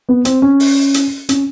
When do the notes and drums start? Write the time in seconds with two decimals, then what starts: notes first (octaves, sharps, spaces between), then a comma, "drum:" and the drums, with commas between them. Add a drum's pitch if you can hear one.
0.09 B3
0.25 C4, drum: hi-hat
0.42 C#4
0.60 drum: open hi-hat
0.94 drum: hi-hat
1.29 C#4, drum: hi-hat